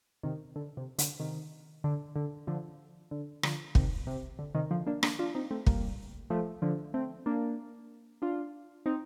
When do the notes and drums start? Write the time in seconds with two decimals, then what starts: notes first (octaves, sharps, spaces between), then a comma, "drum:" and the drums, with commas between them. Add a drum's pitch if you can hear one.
0.23 C3 D#3
0.56 D3
0.77 C3
0.98 D3, drum: hi-hat
1.20 C3 D#3
1.84 D3
2.16 D3
2.47 D3 F3
3.11 D3
3.43 D3 F3, drum: rim click
3.75 C3 D#3, drum: kick
4.07 C3
4.39 D3
4.55 C3 D#3
4.71 D3 F3
4.86 A#3 D4
5.03 A#3 D4, drum: rim click
5.19 D4 F4
5.35 C4 D#4
5.51 A3 C4
5.66 G3 A#3, drum: kick
6.30 F3 A3
6.62 D3 F3
6.94 A3 C4
7.26 A#3 D4
8.22 D4 F4
8.86 C4 D#4